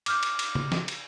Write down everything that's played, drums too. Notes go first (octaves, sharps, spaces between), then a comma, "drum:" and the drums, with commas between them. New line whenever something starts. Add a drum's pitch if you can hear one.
D6 F6 G6, drum: cymbal
drum: cymbal
drum: cymbal
drum: tom C#3
drum: snare
drum: cymbal